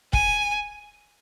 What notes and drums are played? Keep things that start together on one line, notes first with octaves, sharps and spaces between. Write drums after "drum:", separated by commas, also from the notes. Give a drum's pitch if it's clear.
G#5, drum: kick